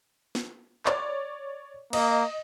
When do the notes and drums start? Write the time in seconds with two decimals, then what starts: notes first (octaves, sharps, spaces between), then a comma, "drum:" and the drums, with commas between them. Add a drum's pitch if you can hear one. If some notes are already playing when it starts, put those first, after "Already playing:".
0.35 drum: snare
0.86 C#5 D5, drum: clap
1.93 A#3 D#5, drum: cymbal